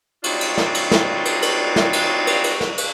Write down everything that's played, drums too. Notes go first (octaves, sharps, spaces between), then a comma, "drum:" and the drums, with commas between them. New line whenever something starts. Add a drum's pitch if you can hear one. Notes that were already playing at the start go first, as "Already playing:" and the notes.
F#3 G3 C4 D4 D#4 F4, drum: cymbal
drum: cymbal
drum: snare
drum: cymbal
drum: snare
drum: cymbal
drum: cymbal
drum: snare
drum: cymbal
drum: cymbal
drum: cymbal
drum: snare
drum: cymbal